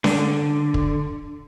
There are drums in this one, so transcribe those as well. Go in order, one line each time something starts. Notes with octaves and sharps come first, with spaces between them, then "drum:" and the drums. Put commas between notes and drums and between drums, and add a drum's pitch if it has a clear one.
D3, drum: snare C#4
drum: kick